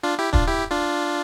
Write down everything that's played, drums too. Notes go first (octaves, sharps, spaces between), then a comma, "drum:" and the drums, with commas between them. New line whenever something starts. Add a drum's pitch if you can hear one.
D4 F4
E4 G4
D4 F4, drum: kick
E4 G4
D4 F4